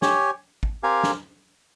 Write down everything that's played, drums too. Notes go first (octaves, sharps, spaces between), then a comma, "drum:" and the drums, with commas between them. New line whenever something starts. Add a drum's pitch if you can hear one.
G4 C#5 G#5, drum: snare
drum: kick
C4 G4 A#4 F5 G#5
drum: snare